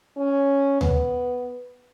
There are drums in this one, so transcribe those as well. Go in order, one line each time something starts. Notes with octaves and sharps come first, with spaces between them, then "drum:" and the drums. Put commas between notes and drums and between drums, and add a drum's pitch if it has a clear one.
C#4
B3, drum: tom D2